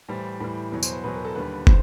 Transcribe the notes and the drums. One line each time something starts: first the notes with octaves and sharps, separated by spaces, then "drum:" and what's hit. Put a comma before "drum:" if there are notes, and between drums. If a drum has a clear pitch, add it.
A2 E3 G3 C5
A2 E3 G3
E2 B2 F#3
C5, drum: tambourine
B4
E2 B2 F#3 B4
A#4
A4
D#2 D3 G3 B4
C5, drum: kick